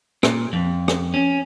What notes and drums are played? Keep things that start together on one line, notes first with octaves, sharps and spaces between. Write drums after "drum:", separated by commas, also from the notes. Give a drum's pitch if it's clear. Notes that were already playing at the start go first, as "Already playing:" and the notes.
A#2, drum: rim click
F2
drum: rim click
C#4